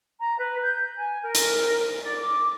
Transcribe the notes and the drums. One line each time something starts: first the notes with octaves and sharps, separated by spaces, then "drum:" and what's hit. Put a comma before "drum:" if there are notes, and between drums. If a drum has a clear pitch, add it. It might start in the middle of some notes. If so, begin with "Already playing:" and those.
A#5
B4
G6
G#5
A#4
drum: hi-hat
D5
D6